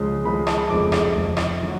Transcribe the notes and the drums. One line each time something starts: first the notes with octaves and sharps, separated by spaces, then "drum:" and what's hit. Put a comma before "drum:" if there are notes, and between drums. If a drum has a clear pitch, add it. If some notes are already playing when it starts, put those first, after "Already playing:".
Already playing: C#2 C#3 F3 G#3
C#2 C#3 F3 G#3 B5
A5, drum: rim click
F1 F2 C#3 F3 G#3 D6
drum: rim click
F1 F2 C#3 F3 G#3
drum: rim click
D3 F#3